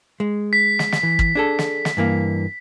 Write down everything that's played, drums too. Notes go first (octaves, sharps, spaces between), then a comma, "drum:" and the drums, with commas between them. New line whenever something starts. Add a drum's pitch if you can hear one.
G#3
B6
drum: snare
drum: snare
E3
drum: kick
D4 G#4 A4
drum: snare
drum: snare
G2 E3 A#3